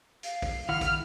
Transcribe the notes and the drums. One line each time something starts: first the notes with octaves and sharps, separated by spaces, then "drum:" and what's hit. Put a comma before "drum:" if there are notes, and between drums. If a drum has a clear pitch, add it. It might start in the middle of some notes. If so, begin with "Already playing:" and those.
F5, drum: hi-hat
drum: kick A#1, open hi-hat
D#3 E4 F#5 F6
drum: kick A#1, hi-hat